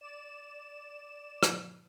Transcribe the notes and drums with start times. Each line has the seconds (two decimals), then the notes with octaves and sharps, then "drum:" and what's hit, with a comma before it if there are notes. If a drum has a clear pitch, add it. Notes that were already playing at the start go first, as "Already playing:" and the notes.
0.01 D5 E7
1.43 drum: rim click